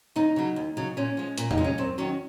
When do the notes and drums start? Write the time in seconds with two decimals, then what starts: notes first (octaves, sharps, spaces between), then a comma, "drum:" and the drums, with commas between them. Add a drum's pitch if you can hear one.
0.16 D#2 D#4
0.36 C#3 F#3
0.56 D#2
0.77 C#3 F#3
0.97 A#2 C#4
1.17 F3 G#3
1.38 A#2, drum: hi-hat
1.51 D#4, drum: tom E2
1.58 F3 G#3
1.64 C#4
1.78 F#2 C4
1.98 D#3 F#3 C#4